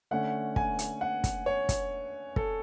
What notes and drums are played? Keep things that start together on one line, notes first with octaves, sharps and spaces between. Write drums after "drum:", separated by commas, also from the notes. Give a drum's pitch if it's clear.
D3 A3 C#4 F#5
G#5, drum: kick
drum: hi-hat
F#5
drum: kick, hi-hat
C#5
drum: kick, hi-hat
A4, drum: kick